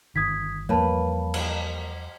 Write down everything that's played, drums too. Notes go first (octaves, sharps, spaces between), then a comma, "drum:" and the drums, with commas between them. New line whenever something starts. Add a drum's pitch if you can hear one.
G1 D#3 D#6 G#6 B6
E2 F3 G3 A#3 B4 C#5 A5 B5
drum: cymbal